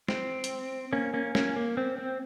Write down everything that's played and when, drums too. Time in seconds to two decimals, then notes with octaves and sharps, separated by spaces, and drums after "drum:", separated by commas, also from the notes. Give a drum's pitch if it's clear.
0.08 C4, drum: snare
0.44 drum: hi-hat
0.93 A#3 C#4
1.14 A#3 C#4
1.35 A#3 C#4, drum: snare
1.56 A#3
1.77 C4
1.98 C4